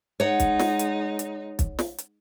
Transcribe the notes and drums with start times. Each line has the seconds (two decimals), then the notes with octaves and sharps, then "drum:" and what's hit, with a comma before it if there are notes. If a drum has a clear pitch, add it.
0.20 G#3 D#4 C#5 F#5
0.40 drum: kick, hi-hat
0.59 drum: snare
0.79 drum: hi-hat
1.19 drum: hi-hat
1.59 drum: kick, hi-hat
1.79 drum: snare
1.98 drum: hi-hat